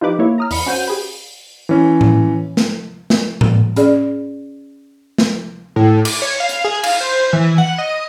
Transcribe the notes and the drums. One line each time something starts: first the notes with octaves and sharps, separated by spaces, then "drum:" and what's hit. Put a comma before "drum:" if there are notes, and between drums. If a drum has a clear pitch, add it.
F3 D#4 G4 B4 D6
A#3 E4 C#5
A#5 D#6 F6
E2 B5 C#7, drum: open hi-hat
C#4 F#4 C5 F#5 G6 D#7
G4 G#4 B4
E3 C#4
drum: tom A2
drum: snare
drum: snare
drum: tom A2
C#4 G#4 D5, drum: hi-hat
drum: snare
A2
D6, drum: cymbal
C#5
F5
drum: hi-hat
G#4
F5, drum: cymbal
C5
E3
F#5
D#5